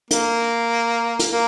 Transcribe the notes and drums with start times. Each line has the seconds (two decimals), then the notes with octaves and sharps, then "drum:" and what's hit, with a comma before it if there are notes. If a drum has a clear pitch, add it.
0.11 A#3, drum: hi-hat
1.19 drum: hi-hat
1.32 A#3